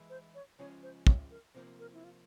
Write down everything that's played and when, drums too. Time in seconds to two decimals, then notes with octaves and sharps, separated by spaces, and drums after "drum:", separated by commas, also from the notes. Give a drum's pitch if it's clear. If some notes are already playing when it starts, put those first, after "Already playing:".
Already playing: E3 G#3 E4
0.10 C5
0.35 C#5
0.59 C#3 F3 G#3 C#4 C#5
0.83 C5
1.07 C#5, drum: kick
1.31 A#4
1.55 C3 F3 A#3 C5
1.79 A#4
1.93 E4
2.04 F4